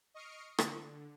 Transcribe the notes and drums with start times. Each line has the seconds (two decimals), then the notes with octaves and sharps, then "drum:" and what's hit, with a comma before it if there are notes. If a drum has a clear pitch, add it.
0.14 D#5 C#6 D#6 F6 C7 D7
0.58 D3, drum: rim click